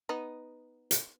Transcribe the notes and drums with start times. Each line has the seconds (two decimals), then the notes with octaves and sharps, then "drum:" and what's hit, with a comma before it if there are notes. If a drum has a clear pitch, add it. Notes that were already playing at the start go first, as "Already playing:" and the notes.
0.09 B3 D#4
0.91 drum: hi-hat